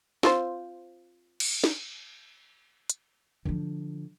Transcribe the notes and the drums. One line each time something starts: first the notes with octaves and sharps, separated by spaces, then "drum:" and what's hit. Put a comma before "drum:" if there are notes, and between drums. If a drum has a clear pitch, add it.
C4 F4 C5, drum: snare
drum: cymbal
drum: snare
drum: hi-hat
D3 F3